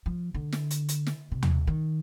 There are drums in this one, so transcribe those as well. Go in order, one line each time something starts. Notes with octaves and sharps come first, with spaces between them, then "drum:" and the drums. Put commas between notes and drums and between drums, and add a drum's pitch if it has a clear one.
F3
D3
drum: snare
drum: hi-hat
drum: hi-hat
drum: snare
C3
drum: tom
D#3